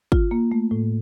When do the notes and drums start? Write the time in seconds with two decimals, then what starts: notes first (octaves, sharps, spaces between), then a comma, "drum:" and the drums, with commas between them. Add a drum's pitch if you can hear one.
0.12 F4, drum: kick
0.31 A#3
0.52 A3
0.71 A2